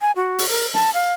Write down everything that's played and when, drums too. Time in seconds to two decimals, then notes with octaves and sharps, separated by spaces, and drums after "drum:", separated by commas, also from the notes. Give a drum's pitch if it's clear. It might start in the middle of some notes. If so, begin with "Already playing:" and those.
0.01 G#5
0.16 F#4
0.39 drum: open hi-hat
0.49 A#4
0.74 A5, drum: snare
0.94 F5